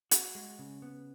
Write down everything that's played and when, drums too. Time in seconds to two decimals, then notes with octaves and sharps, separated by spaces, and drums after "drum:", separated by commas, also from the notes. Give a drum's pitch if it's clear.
0.11 F#4, drum: hi-hat
0.35 G#3
0.59 C#3
0.82 B3